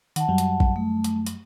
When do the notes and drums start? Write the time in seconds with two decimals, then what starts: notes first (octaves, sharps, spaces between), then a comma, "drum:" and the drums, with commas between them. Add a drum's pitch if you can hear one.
0.16 D#3 F#5 A5, drum: hi-hat
0.28 F#2 F#3 G3
0.38 drum: hi-hat
0.60 drum: kick
0.76 A3
1.04 drum: hi-hat
1.26 drum: hi-hat